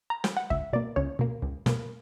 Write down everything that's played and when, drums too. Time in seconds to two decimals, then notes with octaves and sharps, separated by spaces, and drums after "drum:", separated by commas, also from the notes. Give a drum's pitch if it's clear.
0.10 A#5
0.24 G5, drum: snare
0.37 F#5
0.50 C#2 E5, drum: kick
0.73 B2 A#3 D5
0.96 C#2 C#5
1.19 B2 A#3
1.42 C#2
1.66 B2 A#3, drum: snare